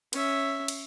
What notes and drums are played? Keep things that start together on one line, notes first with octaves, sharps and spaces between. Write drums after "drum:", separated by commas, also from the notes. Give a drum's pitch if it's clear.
C#4 E5, drum: cymbal
drum: cymbal